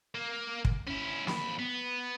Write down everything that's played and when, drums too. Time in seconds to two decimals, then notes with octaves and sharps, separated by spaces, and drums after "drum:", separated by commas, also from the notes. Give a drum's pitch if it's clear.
0.15 A#3
0.65 drum: kick
0.87 C#4 E4
1.27 F2 B5, drum: snare
1.59 B3